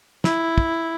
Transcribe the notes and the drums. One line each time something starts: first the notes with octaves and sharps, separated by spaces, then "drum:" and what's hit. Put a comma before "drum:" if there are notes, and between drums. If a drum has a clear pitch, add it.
E4, drum: snare
drum: kick